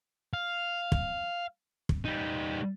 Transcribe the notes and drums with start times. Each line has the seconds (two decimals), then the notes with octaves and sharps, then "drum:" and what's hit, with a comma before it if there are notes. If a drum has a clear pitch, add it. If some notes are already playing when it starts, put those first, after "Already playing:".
0.33 F5
0.92 drum: kick
1.89 drum: kick
2.05 G3 D#4